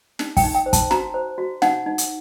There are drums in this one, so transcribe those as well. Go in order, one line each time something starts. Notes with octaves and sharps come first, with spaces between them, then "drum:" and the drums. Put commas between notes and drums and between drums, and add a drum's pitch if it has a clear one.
D#4, drum: snare
G5, drum: kick, open hi-hat
D#4
G5
C5
A5, drum: kick, hi-hat
F#4 A#5, drum: snare
C5
F#4
D#4 F#5, drum: snare
D#4
drum: hi-hat